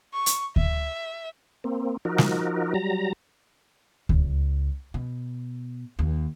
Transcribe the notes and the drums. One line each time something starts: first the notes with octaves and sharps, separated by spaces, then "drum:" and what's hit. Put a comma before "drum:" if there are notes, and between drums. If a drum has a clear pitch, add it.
C#6
drum: hi-hat
E5, drum: kick D2
A#3 C4
F3 D#4 F#4 A#4
drum: snare
F#3 G3 A#5
C#2, drum: kick D2
B2
D#2